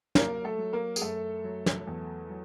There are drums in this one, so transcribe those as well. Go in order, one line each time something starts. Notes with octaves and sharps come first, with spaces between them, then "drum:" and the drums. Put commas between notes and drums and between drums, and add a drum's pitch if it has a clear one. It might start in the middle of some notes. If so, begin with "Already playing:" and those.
F#3 A#3 A#4, drum: snare
A3 A4
F#3
A#3 A#4
G#4, drum: tambourine
F#2 A3 A4
F#3
drum: snare
E2
F#3